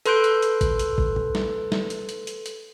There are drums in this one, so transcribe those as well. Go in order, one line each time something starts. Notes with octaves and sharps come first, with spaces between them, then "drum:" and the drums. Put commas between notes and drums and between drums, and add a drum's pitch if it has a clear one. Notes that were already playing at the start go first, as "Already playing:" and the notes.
A4 B4 C6 F#6 G6 D7, drum: hi-hat
drum: hi-hat
drum: hi-hat
drum: kick, hi-hat
drum: hi-hat
drum: kick
drum: tom B2
drum: snare
drum: snare
drum: hi-hat
drum: hi-hat
drum: hi-hat
drum: hi-hat